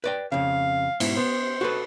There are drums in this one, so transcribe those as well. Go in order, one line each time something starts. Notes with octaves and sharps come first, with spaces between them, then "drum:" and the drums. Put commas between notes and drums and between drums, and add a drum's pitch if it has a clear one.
B4 D5 G5
F2 C#3 F5
G#2 B2 E4, drum: cymbal
B3 C5
F#4 A4 B4